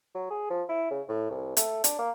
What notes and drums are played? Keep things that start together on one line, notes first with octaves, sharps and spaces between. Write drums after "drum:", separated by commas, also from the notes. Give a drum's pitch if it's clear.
F#3
G#4
F3
E4
C#3
A2
C2
A3, drum: hi-hat
D4, drum: hi-hat
A#3